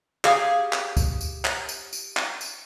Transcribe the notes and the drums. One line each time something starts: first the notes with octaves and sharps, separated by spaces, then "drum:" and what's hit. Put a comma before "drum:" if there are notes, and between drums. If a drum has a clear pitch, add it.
G4 G#4 F5, drum: clap
drum: clap
drum: kick, tambourine
drum: tambourine
drum: clap
drum: tambourine
drum: tambourine
drum: clap
drum: tambourine